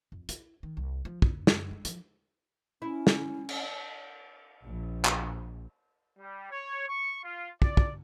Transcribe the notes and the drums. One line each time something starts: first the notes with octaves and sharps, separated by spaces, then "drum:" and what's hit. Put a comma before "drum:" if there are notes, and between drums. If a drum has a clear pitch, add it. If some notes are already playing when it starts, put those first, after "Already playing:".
F2
E4, drum: hi-hat
D#3
C2
F3
F1, drum: kick
F#2, drum: snare
E4
F3, drum: hi-hat
C#4 E4
drum: snare
drum: cymbal
A#1
drum: clap
G3
C#5
C#6
F4
D5, drum: kick
drum: kick